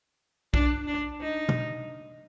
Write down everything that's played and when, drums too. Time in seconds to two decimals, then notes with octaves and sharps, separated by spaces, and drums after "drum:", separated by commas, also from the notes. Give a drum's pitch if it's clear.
0.54 D4, drum: kick B1
0.87 D4
1.21 D#4
1.49 drum: tom